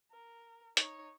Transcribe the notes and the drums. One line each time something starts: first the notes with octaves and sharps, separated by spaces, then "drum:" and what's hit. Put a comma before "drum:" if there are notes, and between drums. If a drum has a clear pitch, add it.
A#4
D#4 C#5, drum: hi-hat